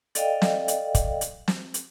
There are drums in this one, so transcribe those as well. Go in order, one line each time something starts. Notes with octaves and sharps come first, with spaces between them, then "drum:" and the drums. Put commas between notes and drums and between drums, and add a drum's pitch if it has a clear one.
A4 D5 D#5 F5 G5, drum: hi-hat
drum: snare
drum: hi-hat
drum: kick, hi-hat
drum: hi-hat
drum: snare
drum: hi-hat